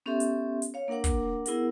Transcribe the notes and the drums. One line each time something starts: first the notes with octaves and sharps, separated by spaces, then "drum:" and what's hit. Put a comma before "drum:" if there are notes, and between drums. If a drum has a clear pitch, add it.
B3 C#4 G4 A4 E5 C6
drum: hi-hat
drum: hi-hat
C#5 F5
A#3 D4 A#4 F#5 D6
drum: kick, hi-hat
B3 E4 G#4 A#4 F#5, drum: hi-hat